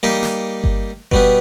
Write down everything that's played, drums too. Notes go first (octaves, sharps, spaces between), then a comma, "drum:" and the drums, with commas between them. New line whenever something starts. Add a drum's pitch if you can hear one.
G3 A#3 D#4 G4
drum: snare
drum: kick G1
B2 G3 B3, drum: kick G1